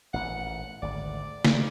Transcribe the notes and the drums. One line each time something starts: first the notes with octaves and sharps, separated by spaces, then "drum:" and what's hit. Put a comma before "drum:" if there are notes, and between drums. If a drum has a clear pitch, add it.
A1 A#2 F#5
G#1 D2 D5
D#3, drum: snare